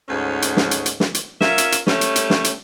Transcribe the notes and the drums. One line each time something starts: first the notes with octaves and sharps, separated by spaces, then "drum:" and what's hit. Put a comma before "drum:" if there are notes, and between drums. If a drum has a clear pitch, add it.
D2 G#2 C#4
drum: hi-hat
drum: snare
drum: hi-hat
drum: hi-hat
drum: snare
drum: hi-hat
C#4 F4 A#4 E5, drum: snare
drum: hi-hat
drum: hi-hat
G3 A3 C#4, drum: snare
drum: hi-hat
drum: hi-hat
drum: snare
drum: hi-hat